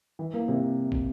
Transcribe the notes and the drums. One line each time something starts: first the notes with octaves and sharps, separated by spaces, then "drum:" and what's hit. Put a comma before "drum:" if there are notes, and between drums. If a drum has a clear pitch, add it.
E3
A#3
C3
drum: kick